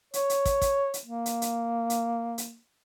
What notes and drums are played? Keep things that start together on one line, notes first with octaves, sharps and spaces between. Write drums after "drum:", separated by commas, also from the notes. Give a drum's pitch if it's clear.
C#5, drum: hi-hat
drum: hi-hat
drum: kick, hi-hat
drum: kick, hi-hat
drum: hi-hat
A#3
drum: hi-hat
drum: hi-hat
drum: hi-hat
drum: hi-hat